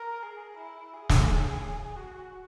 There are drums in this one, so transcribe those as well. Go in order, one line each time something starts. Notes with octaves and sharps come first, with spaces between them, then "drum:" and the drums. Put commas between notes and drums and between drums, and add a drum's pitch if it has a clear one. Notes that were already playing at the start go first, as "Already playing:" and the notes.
Already playing: A#4
G#4
E4
G#4
drum: snare
F#4